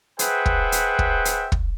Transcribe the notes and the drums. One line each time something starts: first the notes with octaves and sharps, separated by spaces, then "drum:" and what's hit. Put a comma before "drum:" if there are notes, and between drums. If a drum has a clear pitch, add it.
G#4 B4 C5 E5 F#5 G5, drum: hi-hat
drum: kick
drum: hi-hat
drum: kick
drum: hi-hat
drum: kick